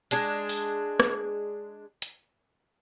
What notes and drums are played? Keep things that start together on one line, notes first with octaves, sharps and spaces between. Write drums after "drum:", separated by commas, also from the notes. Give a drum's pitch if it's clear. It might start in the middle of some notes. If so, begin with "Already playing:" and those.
G#3 D4 G#4, drum: hi-hat
drum: open hi-hat
drum: rim click
drum: hi-hat